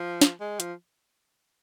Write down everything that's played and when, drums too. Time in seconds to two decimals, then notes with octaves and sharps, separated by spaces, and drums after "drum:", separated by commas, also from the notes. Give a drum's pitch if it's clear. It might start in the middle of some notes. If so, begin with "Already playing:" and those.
Already playing: F3
0.21 drum: snare
0.40 G#3
0.60 F3, drum: hi-hat